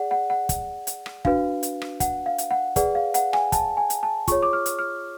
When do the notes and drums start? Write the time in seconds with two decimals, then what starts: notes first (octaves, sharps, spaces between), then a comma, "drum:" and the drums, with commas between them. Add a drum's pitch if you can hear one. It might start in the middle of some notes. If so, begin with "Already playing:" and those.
Already playing: G#4 D5 F#5
0.11 F#5
0.30 F#5
0.49 drum: kick, hi-hat
0.87 drum: hi-hat
1.06 drum: rim click
1.25 D4 F#4 B4 F5, drum: kick
1.63 drum: hi-hat
1.82 drum: rim click
2.00 F#5, drum: kick, hi-hat
2.26 F5
2.38 drum: hi-hat
2.51 F#5
2.76 G#4 B4 D5 F#5, drum: kick, hi-hat
2.95 F5
3.14 F#5, drum: hi-hat
3.33 G#5, drum: rim click
3.52 A5, drum: kick, hi-hat
3.77 G#5
3.90 drum: hi-hat
4.03 A5
4.27 F4 G#4 C#5 C#6, drum: kick, hi-hat
4.43 D6
4.53 F6
4.66 drum: hi-hat
4.79 F6